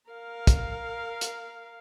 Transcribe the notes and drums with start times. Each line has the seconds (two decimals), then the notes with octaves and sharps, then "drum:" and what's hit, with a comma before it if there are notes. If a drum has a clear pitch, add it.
0.10 A#4 F5
0.47 drum: kick, hi-hat
1.21 drum: hi-hat